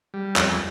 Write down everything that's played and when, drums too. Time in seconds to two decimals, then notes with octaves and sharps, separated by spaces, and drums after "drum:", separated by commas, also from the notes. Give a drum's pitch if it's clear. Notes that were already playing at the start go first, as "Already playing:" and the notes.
0.14 G3
0.36 F2, drum: clap